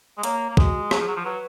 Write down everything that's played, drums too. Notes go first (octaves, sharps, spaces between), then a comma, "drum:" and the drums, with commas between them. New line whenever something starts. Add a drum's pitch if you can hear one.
G#3
A#3 C#5, drum: hi-hat
A#3
G#3 F#4, drum: kick
F#3 G#4, drum: rim click
F3
F#3
F3
F#3 B4